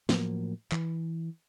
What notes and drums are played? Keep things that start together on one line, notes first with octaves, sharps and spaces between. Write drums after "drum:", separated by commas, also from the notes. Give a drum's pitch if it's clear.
A2 F3 F#3 A#3, drum: snare
E3, drum: clap